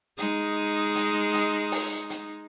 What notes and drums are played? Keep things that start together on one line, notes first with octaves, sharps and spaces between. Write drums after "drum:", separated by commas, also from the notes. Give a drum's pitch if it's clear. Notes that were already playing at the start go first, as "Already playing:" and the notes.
G#3 D#4, drum: hi-hat
drum: hi-hat
drum: hi-hat
drum: open hi-hat
drum: hi-hat